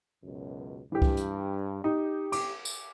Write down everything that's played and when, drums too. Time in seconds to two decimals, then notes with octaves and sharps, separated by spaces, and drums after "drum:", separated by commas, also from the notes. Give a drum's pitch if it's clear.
0.24 C#2 F#2 B2
0.92 G2 E3 G4
1.02 drum: kick C2
1.17 drum: hi-hat
1.84 D#4 G4
2.32 D6, drum: cymbal
2.65 drum: tambourine